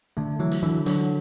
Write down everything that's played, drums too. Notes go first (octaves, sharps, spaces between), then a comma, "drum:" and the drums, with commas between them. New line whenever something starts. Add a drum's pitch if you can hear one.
D3 A3
E3 F#3
drum: hi-hat
D3 E3
D3 F#3, drum: hi-hat